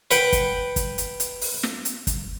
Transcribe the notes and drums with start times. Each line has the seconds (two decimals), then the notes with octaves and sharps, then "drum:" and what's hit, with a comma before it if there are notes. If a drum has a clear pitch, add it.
0.11 B4 F#5 G5, drum: hi-hat
0.32 drum: kick, hi-hat
0.76 drum: kick, hi-hat
0.98 drum: hi-hat
1.20 drum: hi-hat
1.41 drum: open hi-hat
1.63 drum: snare
1.85 drum: hi-hat
2.07 drum: kick, hi-hat